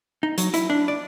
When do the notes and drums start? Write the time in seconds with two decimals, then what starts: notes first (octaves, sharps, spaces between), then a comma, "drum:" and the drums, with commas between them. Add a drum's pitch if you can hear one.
0.23 D#4
0.38 F#3, drum: hi-hat
0.54 E4, drum: hi-hat
0.70 D4
0.88 D5